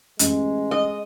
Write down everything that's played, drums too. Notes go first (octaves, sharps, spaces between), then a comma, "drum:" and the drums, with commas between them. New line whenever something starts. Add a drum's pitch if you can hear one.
A1 G#3, drum: hi-hat
D#5